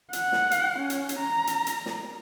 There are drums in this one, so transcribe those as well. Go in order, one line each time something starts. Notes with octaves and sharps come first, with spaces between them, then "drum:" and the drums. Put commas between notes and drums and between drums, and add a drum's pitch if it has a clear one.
F#5, drum: hi-hat
drum: snare
drum: hi-hat
C#4
drum: hi-hat
drum: hi-hat
A#5
drum: hi-hat
drum: hi-hat
drum: snare